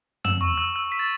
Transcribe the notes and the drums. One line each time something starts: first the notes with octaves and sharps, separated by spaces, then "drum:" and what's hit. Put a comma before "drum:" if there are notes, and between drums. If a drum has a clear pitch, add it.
E6 E7, drum: tom
C#6
E6
E6
B6
A6